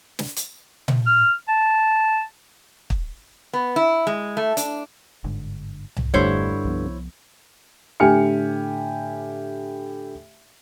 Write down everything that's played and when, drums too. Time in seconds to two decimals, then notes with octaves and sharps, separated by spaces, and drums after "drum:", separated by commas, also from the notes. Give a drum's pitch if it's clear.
0.19 drum: snare
0.36 drum: hi-hat
0.88 drum: tom A#2
1.06 F6
1.48 A5
2.90 drum: kick
3.53 B3
3.76 E4
4.07 G#3
4.37 A3
4.57 D4, drum: hi-hat
5.24 G1 G#2 D3
5.97 drum: tom C2
6.14 E1 G2 D3 A3 E4 C5 C#5
6.65 C2 F3 B3
8.00 A2 D3 G4 G#5 F6 C#7